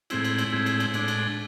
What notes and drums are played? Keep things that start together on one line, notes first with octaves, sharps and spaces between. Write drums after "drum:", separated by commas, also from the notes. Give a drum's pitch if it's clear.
A2 G#3 C4 E4, drum: cymbal
drum: cymbal
drum: cymbal
A2 G#3 C4 E4
drum: cymbal
drum: cymbal
A2 G#3 D4, drum: cymbal
drum: cymbal